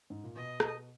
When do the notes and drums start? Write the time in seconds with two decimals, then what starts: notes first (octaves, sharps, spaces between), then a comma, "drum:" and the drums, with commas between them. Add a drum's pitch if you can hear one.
0.10 G#2
0.24 A#2
0.36 B2 D#5
0.60 drum: rim click